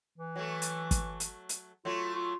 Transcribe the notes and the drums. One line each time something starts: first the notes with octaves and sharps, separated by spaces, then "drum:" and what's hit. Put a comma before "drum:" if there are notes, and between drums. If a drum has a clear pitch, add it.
E3
F#3 A3
drum: hi-hat
drum: kick, hi-hat
drum: hi-hat
drum: hi-hat
F#3 A3 F4
F4